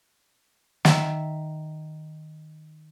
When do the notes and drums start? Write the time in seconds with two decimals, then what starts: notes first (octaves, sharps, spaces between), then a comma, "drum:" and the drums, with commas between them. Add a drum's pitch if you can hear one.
0.85 D#3 E5, drum: snare